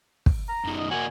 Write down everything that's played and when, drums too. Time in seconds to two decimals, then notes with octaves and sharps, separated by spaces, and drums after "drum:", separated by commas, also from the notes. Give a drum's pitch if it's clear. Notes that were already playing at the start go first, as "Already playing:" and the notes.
0.26 drum: kick
0.49 A#5
0.65 F#2 D#3
0.78 D#5
0.91 A#3 F#4 G#5